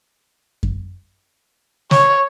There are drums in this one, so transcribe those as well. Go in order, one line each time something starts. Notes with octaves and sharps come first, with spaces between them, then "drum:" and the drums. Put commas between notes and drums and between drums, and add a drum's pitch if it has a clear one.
drum: kick F#2
C#5, drum: snare